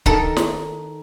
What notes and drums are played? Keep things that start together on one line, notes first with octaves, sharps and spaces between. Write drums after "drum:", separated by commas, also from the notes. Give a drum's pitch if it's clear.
D#3 A4, drum: kick C#1
drum: snare